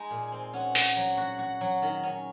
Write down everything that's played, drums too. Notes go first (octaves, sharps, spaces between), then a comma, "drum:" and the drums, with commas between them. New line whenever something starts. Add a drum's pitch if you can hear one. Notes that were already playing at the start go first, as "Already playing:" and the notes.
Already playing: G#3 D#4 G#5
A#2
C4
C#4 F#5
F#4, drum: open hi-hat
F#3
F#4
F#4
F#3
D#3
C#4